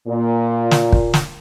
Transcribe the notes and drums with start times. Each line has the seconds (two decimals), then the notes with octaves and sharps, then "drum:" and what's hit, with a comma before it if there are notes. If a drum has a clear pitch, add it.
0.08 A#2
0.71 drum: snare
0.92 drum: kick
1.14 drum: snare